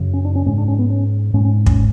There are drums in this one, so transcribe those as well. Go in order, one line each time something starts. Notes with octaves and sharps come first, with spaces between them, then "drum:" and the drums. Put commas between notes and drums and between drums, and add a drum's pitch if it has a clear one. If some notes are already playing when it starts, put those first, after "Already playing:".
Already playing: F#2 C#3
C#4
D4
C#4
G#2 C#4
D4
C#4
B3
C#4
G#2 C#4
C#4
C#4, drum: kick